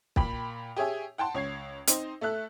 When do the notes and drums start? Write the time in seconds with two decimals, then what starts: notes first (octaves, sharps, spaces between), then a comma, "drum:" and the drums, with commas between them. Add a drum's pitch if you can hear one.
0.16 A#2 G5 B5, drum: kick
0.77 G4 G#4 C#5 E5 G#5
1.18 F#5 G5 A5 C6
1.35 C#2 C#5 G#6 C7
1.88 C4 D#4 C5 D#5, drum: hi-hat
2.21 A3 A4 E5 F#6